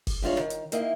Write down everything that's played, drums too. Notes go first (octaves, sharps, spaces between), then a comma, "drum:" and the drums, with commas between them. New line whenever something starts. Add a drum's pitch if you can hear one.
drum: kick, open hi-hat
E2 G3 G#3 D4 F4 C#5
D#3
drum: hi-hat
D#3 A#3 E4 D#5, drum: hi-hat